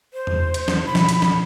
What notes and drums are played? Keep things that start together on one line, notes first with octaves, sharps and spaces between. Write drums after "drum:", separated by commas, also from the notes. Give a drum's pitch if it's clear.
C5
drum: tom E2
drum: hi-hat
drum: snare
B2 D3 F3 B5
drum: snare
drum: hi-hat
drum: snare